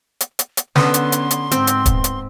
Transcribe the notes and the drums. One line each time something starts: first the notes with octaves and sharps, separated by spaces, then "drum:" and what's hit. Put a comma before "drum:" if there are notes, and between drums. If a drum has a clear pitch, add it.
drum: hi-hat
drum: hi-hat
drum: hi-hat
D3 B3 C#4 A4 C6, drum: snare
drum: hi-hat
drum: hi-hat
drum: hi-hat
G#2 C4, drum: hi-hat
drum: hi-hat
drum: kick, hi-hat
drum: hi-hat